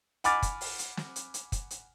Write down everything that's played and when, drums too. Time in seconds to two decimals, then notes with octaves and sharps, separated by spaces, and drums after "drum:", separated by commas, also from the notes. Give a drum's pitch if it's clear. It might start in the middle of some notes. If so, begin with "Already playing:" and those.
0.24 F#5 G#5 B5 D6 F6 A6, drum: hi-hat
0.42 drum: kick, hi-hat
0.61 drum: open hi-hat
0.79 drum: hi-hat
0.97 drum: snare
1.16 drum: hi-hat
1.34 drum: hi-hat
1.52 drum: kick, hi-hat
1.70 drum: hi-hat